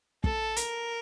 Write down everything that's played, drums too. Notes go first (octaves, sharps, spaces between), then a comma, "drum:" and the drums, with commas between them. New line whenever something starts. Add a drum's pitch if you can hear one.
A4, drum: kick
A#4, drum: hi-hat